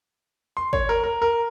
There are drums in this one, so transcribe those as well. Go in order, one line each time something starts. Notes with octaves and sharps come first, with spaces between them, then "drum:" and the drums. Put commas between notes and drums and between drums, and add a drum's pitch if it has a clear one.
C6
C#5, drum: kick
A#4
A#4
A#4